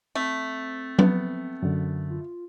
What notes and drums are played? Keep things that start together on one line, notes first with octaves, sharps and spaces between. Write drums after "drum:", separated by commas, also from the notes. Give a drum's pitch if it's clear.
A3 C4
B3, drum: tom F#3
F#2 D3
F4